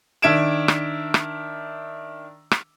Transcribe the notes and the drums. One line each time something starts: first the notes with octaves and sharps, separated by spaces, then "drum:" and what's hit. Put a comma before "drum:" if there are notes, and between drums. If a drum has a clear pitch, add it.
D#3 D4 E5 G#6 D7 E7
drum: rim click
drum: rim click
drum: rim click